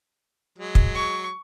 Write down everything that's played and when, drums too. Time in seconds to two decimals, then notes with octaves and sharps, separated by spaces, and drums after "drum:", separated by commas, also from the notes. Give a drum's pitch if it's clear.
0.58 F#3 G#3
0.75 drum: kick
0.95 C#6